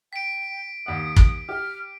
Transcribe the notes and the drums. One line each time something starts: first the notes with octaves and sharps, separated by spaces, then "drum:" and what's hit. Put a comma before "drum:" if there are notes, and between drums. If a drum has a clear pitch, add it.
G5 B6 D7
D#2 F#5 D#6
drum: kick
G4 F6